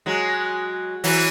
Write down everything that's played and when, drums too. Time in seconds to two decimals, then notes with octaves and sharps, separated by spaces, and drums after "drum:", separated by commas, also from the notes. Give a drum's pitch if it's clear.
0.06 F#3 G#3
1.04 E3 F#3, drum: open hi-hat